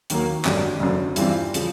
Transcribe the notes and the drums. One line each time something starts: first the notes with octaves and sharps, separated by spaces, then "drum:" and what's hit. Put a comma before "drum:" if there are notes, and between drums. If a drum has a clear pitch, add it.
D#2 D#3 F#3 A#3, drum: hi-hat
G#1 F#2 D3 G3, drum: clap
F#1 F#2 D3
G2 E3 G3 C4 F4, drum: hi-hat
C#3 F3, drum: hi-hat